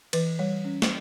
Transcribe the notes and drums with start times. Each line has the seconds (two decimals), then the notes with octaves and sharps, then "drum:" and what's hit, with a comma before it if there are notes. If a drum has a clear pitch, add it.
0.13 E3 B4, drum: cymbal
0.39 G3 C#5
0.65 C#4
0.82 drum: snare